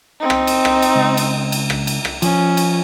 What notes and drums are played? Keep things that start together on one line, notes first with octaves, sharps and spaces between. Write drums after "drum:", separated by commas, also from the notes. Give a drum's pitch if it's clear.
C4 D#4
drum: rim click
drum: cymbal
drum: rim click
drum: cymbal
C#2
drum: cymbal
drum: cymbal
drum: rim click
drum: cymbal
drum: rim click
F3 C#4, drum: cymbal
drum: cymbal